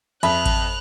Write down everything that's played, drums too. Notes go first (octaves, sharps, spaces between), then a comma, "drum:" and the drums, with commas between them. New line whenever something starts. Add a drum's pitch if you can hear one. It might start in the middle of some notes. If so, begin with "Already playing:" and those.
F2 E5 B5 F#6 F7, drum: cymbal
drum: kick G#1, cymbal